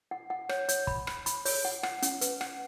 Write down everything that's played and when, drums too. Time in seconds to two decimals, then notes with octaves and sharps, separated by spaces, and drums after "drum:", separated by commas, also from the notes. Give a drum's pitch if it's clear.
0.11 F#5
0.30 F#5
0.49 C#5, drum: rim click
0.69 C#5, drum: hi-hat
0.87 B5, drum: kick
1.07 B5, drum: rim click
1.26 B5, drum: hi-hat
1.45 C#5, drum: open hi-hat
1.65 F#5
1.83 F#5, drum: rim click
2.02 C#4, drum: hi-hat
2.21 B4, drum: hi-hat
2.41 F#5, drum: rim click